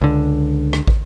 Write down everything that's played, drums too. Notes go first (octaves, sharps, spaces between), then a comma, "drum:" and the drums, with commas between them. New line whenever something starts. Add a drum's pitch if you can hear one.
C#2 D3
drum: rim click
drum: kick